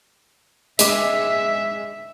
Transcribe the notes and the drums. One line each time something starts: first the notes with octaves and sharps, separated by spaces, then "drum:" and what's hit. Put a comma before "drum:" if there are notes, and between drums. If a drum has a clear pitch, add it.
G#3 E5 D6, drum: hi-hat